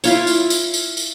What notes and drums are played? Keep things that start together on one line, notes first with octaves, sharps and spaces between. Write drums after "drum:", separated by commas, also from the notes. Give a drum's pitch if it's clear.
E4 F4 C#5, drum: tambourine
drum: tambourine
drum: tambourine
drum: tambourine
drum: tambourine